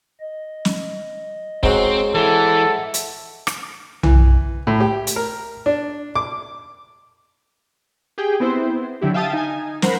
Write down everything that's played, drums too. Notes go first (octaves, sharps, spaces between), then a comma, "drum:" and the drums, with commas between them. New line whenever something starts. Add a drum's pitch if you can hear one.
D#5
drum: snare
G#2 F#3 C4, drum: kick
E3 A4 E5 F#5
drum: hi-hat
drum: rim click
E3, drum: tom B1
A2
G4
drum: hi-hat
A#4
D4
D6
G4 G#4 G5
B3 C4 E4 C5
D3 F#3 E4 G4
E5 F5 G5 A5 D#6 A6
D#4 G#5
A#4 C5 F#5 A#5 B5, drum: snare